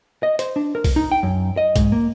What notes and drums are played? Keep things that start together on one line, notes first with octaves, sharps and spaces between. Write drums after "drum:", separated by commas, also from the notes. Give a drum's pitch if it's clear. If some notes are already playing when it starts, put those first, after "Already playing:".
D#5
C5, drum: hi-hat
D4
A#4
drum: kick B1, open hi-hat
D#4
G5
F#2
D#5
G#2, drum: kick B1, hi-hat
A#3